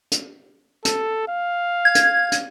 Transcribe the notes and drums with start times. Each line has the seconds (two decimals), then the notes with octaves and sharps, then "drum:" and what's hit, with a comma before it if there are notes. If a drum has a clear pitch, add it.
0.11 drum: hi-hat
0.85 A4, drum: hi-hat
1.28 F5
1.85 G#6
1.95 drum: hi-hat
2.32 drum: hi-hat